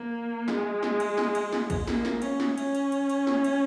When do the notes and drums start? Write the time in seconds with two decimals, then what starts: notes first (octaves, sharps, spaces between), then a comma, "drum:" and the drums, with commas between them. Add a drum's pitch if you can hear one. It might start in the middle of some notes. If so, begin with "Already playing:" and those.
Already playing: A#3
0.48 G#3, drum: snare
0.83 drum: snare
1.00 drum: cymbal
1.17 drum: snare
1.35 drum: cymbal
1.52 drum: snare
1.70 drum: kick, cymbal
1.87 A#3, drum: snare
2.05 drum: snare
2.22 C#4, drum: cymbal
2.40 drum: snare
2.58 C#4, drum: cymbal
2.75 drum: cymbal
2.92 drum: cymbal
3.10 drum: cymbal
3.27 drum: snare
3.44 drum: cymbal